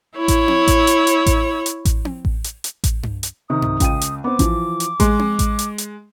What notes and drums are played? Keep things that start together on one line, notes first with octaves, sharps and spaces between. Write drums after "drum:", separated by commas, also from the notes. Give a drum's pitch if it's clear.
E4 C#5
drum: kick A1, hi-hat
drum: tom C4
drum: kick A1, hi-hat
drum: hi-hat
drum: hi-hat
drum: kick A1, hi-hat
drum: hi-hat
drum: kick A1, hi-hat
drum: tom C4
drum: kick A1
drum: hi-hat
drum: hi-hat
drum: kick A1, hi-hat
drum: tom G2
drum: hi-hat
C3 D#3 D#6
drum: tom G2
C#2 G5 D#7, drum: kick A1, hi-hat
drum: hi-hat
B3 C4 D6
E3 F3, drum: kick A1, hi-hat
drum: hi-hat
G#3 C6, drum: kick A1, hi-hat
drum: tom C4
drum: kick A1, hi-hat
drum: hi-hat
drum: hi-hat